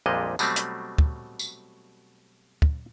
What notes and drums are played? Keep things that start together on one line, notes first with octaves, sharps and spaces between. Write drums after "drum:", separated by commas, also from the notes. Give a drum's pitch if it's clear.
A#1 F2 A#2 G3 G#3 D#5
B2 F#3 G3 A3 C4, drum: tambourine
drum: hi-hat
drum: kick
drum: tambourine
drum: kick